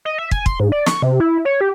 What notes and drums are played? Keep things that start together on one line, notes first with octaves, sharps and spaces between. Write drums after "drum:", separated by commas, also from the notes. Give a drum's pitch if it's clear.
D#5
E5
G#5, drum: kick
C6, drum: kick
G#2
D5
C#6, drum: snare
C3
E4
C#5
G4